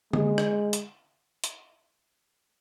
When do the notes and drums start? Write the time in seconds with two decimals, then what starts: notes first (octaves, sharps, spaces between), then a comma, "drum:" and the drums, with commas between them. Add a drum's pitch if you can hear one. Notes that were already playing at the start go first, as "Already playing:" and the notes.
0.13 G#3, drum: tom D3
0.38 drum: rim click
0.73 drum: hi-hat
1.44 drum: hi-hat